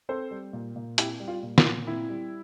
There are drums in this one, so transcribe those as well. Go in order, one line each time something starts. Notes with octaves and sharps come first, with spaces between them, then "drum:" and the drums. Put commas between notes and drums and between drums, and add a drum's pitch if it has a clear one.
C4 A4 C5
G3
A#2
A#2
C4 E4 G4, drum: hi-hat
G3
F4
A#2
F4, drum: snare
A#2
C4 E4
G3